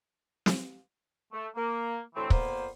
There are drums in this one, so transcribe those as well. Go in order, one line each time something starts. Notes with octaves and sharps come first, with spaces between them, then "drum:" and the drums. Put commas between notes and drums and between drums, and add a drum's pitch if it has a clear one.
drum: snare
A3
A#3
D2 A2 E3 A3 C4
F2 A#2 A#3 B3 C5, drum: kick